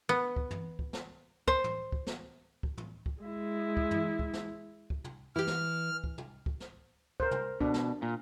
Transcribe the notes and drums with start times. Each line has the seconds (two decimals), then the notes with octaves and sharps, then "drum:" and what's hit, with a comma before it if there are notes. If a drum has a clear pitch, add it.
0.09 B3
0.36 drum: kick
0.51 drum: tom
0.79 drum: kick
0.93 drum: snare
1.48 C5, drum: kick
1.64 drum: tom
1.92 drum: kick
2.07 drum: snare
2.63 drum: kick
2.77 drum: tom
3.06 drum: kick
3.23 G#3 E4
3.77 drum: kick
3.91 drum: tom
4.19 drum: kick
4.33 drum: snare
4.90 drum: kick
5.04 drum: tom
5.36 E3 E4 G4 F6
5.47 drum: snare
6.04 drum: kick
6.18 drum: tom
6.46 drum: kick
6.60 drum: snare
7.20 A#4 C5, drum: kick
7.31 drum: tom
7.61 B2 D4, drum: kick
7.74 drum: snare
8.02 A#2